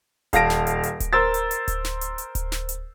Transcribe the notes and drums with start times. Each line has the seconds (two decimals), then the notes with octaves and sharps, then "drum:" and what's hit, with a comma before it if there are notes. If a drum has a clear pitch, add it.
0.33 D#1 F5 A5 A#6 D7, drum: kick D1, hi-hat
0.50 drum: snare
0.67 drum: hi-hat
0.83 drum: hi-hat
1.00 drum: kick D1, hi-hat
1.13 A#4 C5 E6 A6
1.34 drum: hi-hat
1.51 drum: hi-hat
1.68 drum: kick D1, hi-hat
1.84 drum: snare
2.01 drum: hi-hat
2.18 drum: hi-hat
2.35 drum: kick D1, hi-hat
2.52 drum: snare
2.69 drum: hi-hat